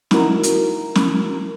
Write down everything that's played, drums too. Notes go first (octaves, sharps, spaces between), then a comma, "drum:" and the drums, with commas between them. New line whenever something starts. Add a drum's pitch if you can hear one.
D#4 E4 F#4 A#4 A#5, drum: snare
drum: hi-hat
drum: snare